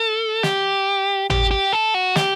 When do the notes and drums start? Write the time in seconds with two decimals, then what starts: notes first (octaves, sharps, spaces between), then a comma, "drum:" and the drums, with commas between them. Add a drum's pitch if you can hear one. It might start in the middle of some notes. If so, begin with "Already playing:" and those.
Already playing: A4
0.43 G4, drum: snare
1.30 G4, drum: tom
1.51 G4
1.73 A4
1.94 F#4
2.16 G4, drum: snare